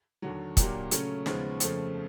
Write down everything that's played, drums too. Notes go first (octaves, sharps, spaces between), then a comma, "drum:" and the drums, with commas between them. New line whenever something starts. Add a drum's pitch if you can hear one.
D#2 D3 F#3
A#2 F#3 A#3 D4 G4, drum: kick, hi-hat
C#3 F#3 A3 C#4, drum: hi-hat
D#2 C#3 F3 G#3 B3, drum: snare
F2 C#3 F3 A3, drum: hi-hat